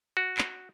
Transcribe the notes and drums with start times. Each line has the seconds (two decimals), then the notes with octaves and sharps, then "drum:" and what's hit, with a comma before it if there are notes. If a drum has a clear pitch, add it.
0.17 F#4
0.38 drum: clap